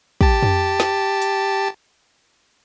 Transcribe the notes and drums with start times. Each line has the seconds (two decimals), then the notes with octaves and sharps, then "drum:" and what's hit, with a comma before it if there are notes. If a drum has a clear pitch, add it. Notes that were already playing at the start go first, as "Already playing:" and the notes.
0.21 G4 A5, drum: kick
0.43 drum: tom F2
0.80 drum: snare
1.22 drum: hi-hat